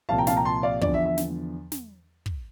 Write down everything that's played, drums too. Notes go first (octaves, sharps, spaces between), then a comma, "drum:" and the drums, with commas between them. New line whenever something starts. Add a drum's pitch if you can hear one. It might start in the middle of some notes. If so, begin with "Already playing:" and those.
C2 A#2 F3 F5 A5
G5 A#5
F5 A5, drum: snare
G5 A#5
A5 C6
D5 F5
E2 D3 F3 D5, drum: kick
E5
E5
drum: snare
drum: snare
drum: kick